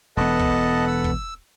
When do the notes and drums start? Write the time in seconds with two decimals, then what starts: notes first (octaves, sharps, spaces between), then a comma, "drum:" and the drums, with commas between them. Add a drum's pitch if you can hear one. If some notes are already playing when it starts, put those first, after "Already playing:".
0.17 E1 B3 A4 B4 D#5 F#5 A5
0.39 drum: kick
0.88 E6
1.04 drum: kick